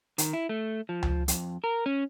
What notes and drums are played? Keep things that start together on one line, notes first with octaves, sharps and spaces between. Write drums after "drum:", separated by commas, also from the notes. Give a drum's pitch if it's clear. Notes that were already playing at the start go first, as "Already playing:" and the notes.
D#3, drum: hi-hat
E4
A3
F3
drum: tom C#2
F2, drum: hi-hat
A#4
C#4